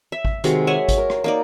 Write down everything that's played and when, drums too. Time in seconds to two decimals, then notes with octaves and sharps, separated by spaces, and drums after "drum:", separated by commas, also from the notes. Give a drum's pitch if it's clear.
0.12 E5
0.25 drum: kick G#1
0.44 C3 D#3 G#3 F#4, drum: hi-hat
0.67 C#5 E5 F#5 G#5
0.89 drum: kick G#1, hi-hat
0.98 A#4
1.10 drum: rim click
1.24 A#3 D#4 D5